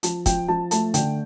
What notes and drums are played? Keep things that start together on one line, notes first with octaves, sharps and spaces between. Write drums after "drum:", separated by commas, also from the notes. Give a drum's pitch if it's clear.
F3 A5, drum: hi-hat
F3 G5, drum: kick, hi-hat
F3 A5
A3 A5, drum: hi-hat
D3 G5, drum: hi-hat